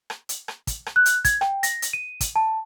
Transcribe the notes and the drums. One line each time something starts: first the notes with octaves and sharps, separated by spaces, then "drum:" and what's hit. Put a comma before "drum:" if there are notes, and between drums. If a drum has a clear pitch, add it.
drum: rim click
drum: hi-hat
drum: rim click
drum: kick, hi-hat
drum: rim click
F#6
drum: hi-hat
G#6, drum: kick, hi-hat
G5, drum: rim click
A#6, drum: hi-hat
drum: hi-hat
D#7
drum: kick, hi-hat
A5